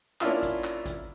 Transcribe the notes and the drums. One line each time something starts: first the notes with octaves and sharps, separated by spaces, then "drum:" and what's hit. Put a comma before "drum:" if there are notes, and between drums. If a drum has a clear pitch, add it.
A#3 C#4 D4 E4 F4, drum: clap
drum: kick G#1, hi-hat
drum: clap
drum: kick G#1, hi-hat